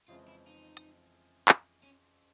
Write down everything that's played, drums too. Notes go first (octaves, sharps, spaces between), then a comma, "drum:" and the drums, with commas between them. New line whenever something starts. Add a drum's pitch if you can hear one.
F2 C#3 E3 G#3 C4 F4
E4
D#4
drum: hi-hat
drum: clap
C#4